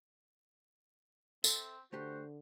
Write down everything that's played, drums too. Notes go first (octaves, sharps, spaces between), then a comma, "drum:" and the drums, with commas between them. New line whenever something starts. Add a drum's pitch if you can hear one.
C4 A4 E5, drum: tambourine
D3 A3 F#4 G4 C5